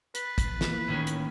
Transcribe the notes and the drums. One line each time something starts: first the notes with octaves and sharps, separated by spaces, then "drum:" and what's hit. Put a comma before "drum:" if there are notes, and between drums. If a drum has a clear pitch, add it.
B4 A6 C7, drum: hi-hat
drum: kick, hi-hat
E3 A#3
drum: snare
A2 D#3 C#4
drum: hi-hat